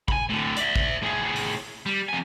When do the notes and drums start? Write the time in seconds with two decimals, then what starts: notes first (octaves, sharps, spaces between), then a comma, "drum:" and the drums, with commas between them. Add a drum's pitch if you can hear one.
0.08 G#5 B5, drum: kick
0.29 A2 D3
0.57 D5 E5, drum: hi-hat
0.76 drum: kick
1.02 A2 G#4
1.36 drum: open hi-hat
1.86 G3
2.09 F2 G#5